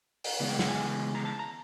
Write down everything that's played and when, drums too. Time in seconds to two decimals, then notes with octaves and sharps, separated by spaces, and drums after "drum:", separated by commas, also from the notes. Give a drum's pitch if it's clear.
0.24 drum: open hi-hat
0.40 C#3 E3 G#3 B3
0.49 G5
0.59 F#5, drum: snare
0.68 G#5
1.15 A#5
1.25 A5
1.39 A#5